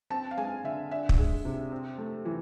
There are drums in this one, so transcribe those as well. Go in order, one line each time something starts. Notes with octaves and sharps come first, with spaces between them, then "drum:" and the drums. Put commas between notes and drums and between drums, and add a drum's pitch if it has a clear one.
C4 A5
F5
G#3 G#5
D3 E5
D4 E5
drum: kick
G#3
C3
C4
A3
E3